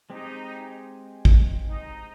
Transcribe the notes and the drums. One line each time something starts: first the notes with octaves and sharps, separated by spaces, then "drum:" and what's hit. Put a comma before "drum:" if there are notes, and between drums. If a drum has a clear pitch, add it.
G#3 C4 D#4 G4
drum: kick A1
D#4